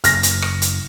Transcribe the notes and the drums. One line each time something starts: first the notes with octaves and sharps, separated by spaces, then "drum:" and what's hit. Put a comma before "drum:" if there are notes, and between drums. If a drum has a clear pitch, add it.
F#2 C#3 A#3 F6 A#6, drum: hi-hat
drum: hi-hat
drum: rim click
drum: hi-hat